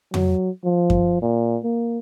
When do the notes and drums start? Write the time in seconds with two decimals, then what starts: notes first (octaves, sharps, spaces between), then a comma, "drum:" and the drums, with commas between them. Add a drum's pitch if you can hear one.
0.14 F#3, drum: tom F2
0.65 F3
0.90 drum: kick F#2
1.22 A#2
1.64 A#3